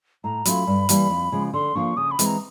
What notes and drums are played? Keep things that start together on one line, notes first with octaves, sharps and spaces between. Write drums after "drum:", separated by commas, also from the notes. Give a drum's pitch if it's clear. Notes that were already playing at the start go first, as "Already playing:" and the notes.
A2 A#5
F#3 A3 C#4 F4 B5, drum: hi-hat
G2
E3 G3 A#3, drum: hi-hat
F2
C#3 F3 G#3
D3 C6
F3 A#3 D4 C#6
C#3 D#6
B5
E3 G#3 C4, drum: hi-hat
A#5